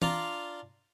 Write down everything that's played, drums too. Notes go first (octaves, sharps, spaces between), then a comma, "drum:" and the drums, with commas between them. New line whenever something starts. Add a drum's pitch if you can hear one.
D4 F4 D5 F5 A#5 C6, drum: tom E3